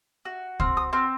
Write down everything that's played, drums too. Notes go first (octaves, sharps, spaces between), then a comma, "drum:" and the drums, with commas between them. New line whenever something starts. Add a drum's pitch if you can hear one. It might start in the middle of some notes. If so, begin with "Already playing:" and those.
F#4
C4 F6, drum: kick
D#6
C4 F6